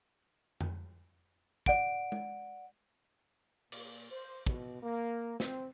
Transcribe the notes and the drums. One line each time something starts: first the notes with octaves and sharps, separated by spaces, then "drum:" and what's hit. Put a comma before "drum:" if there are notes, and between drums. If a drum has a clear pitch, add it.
drum: tom F2
D5 F#5 D7, drum: kick
drum: tom G#3
A#2, drum: cymbal
C5
B2, drum: kick
A#3
C4, drum: snare